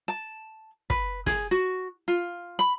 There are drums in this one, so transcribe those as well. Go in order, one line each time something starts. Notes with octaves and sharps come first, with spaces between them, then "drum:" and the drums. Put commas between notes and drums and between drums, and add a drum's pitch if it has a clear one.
A5
B4, drum: kick
G#4, drum: snare
F#4
F4
B5